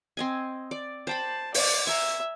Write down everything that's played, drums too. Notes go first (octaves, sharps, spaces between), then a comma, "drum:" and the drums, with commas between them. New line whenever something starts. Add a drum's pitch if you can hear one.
C4 D#5 G#5
D5
C5 G5 A5 B5
D5, drum: open hi-hat
E5 G#5 A#5